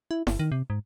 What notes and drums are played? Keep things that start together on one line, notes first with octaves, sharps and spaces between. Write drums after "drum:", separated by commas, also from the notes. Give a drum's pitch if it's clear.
E4
G1, drum: snare E4
D#3
C3
G#2